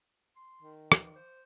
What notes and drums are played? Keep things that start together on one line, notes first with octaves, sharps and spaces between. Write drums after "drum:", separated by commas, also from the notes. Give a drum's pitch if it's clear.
C6
D#3
E3, drum: rim click
C5